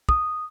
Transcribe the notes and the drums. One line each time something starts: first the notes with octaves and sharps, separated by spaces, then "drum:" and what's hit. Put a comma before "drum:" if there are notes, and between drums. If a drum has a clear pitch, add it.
D#6, drum: kick